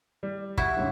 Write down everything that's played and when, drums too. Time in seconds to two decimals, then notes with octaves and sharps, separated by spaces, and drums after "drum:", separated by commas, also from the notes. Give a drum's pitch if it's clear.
0.23 G3
0.57 E4 F#4, drum: kick
0.76 G1 G#2 C#3